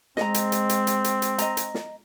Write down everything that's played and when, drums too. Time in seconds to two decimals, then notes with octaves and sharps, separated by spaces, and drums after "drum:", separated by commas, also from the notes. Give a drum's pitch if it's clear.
0.17 G#3 C4 D#5 A#5, drum: snare
0.34 drum: hi-hat
0.52 drum: hi-hat
0.69 drum: hi-hat
0.87 drum: hi-hat
1.04 drum: hi-hat
1.22 drum: hi-hat
1.38 D#5 A#5, drum: hi-hat
1.57 drum: hi-hat
1.74 drum: snare